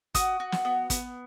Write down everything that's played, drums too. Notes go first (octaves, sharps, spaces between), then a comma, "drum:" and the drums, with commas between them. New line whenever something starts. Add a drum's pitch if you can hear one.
F#4 D#6, drum: kick, hi-hat
F#4
drum: snare
B3
B3, drum: kick, hi-hat